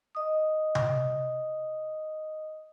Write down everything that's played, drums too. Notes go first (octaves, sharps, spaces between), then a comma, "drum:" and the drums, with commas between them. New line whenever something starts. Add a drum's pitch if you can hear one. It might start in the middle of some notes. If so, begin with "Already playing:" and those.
D#5 D#6
drum: tom C3